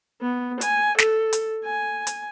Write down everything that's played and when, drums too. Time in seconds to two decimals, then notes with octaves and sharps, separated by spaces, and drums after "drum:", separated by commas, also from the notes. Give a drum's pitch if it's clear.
0.21 B3
0.61 G#5, drum: hi-hat
0.98 A4, drum: snare
1.33 drum: hi-hat
1.65 G#5
2.07 drum: hi-hat